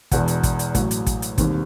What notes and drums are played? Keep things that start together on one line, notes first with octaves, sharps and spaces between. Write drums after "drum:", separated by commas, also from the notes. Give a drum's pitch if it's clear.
E1 E2 B2, drum: kick, hi-hat
drum: hi-hat
drum: kick, hi-hat
drum: hi-hat
A1 A2 F#3, drum: kick, hi-hat
drum: hi-hat
drum: kick, hi-hat
drum: hi-hat
E1 D#2 D#3 G3 C4, drum: kick, hi-hat